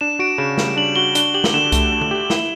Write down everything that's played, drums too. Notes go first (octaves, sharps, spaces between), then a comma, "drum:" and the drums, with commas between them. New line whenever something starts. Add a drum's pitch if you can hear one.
D4 E7
F#4 D7
C#3 E7
G3, drum: snare
D4 F#7
F#4 G7
D4 G7, drum: hi-hat
G4 F#7
drum: snare
D3 E7
A3, drum: kick C2, hi-hat
D4
drum: tom D3
G4
E4, drum: snare